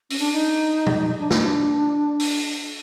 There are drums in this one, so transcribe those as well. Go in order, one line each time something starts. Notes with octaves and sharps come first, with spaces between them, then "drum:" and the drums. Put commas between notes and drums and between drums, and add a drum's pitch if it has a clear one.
C#4, drum: open hi-hat
D4
D#4
drum: tom
D4
D#4, drum: snare
D4
drum: open hi-hat